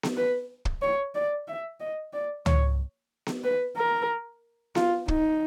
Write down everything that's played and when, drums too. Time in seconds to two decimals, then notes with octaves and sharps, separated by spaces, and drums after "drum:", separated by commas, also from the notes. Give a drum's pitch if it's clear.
0.03 drum: snare B3
0.17 B4
0.65 drum: kick
0.82 C#5
1.15 D5
1.48 E5
1.80 D#5
2.13 D5
2.46 C#5, drum: tom C#2
3.26 drum: snare B3
3.44 B4
3.77 A#4
4.75 F4, drum: snare B3
5.08 D#4, drum: kick